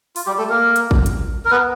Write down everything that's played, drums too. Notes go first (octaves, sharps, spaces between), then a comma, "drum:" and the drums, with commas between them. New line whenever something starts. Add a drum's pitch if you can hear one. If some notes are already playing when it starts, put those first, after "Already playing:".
F4, drum: open hi-hat
G3 G4
A3 A4
A#3 A#4
drum: hi-hat
drum: kick
drum: hi-hat
A#4
B3 B4